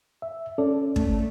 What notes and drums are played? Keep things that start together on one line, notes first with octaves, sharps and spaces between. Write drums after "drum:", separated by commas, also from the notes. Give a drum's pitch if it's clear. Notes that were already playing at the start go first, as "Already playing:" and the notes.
E5
C#4 A4 D5
A3, drum: kick